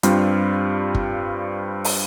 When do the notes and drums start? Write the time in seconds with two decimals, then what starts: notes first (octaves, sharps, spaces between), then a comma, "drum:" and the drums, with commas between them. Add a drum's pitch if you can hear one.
0.03 G2 G3 C4 F4, drum: hi-hat
0.95 drum: kick
1.85 drum: open hi-hat